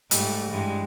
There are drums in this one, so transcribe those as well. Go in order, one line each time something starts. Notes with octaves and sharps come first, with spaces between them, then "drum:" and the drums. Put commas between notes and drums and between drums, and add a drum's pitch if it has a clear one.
G#2 G3 A3, drum: hi-hat
G2 E3 G#3